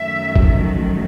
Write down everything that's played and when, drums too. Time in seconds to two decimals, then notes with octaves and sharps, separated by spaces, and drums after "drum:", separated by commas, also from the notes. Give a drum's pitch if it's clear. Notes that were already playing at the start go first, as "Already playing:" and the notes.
Already playing: F#2 D#3 F#3 A3 E5
0.36 drum: kick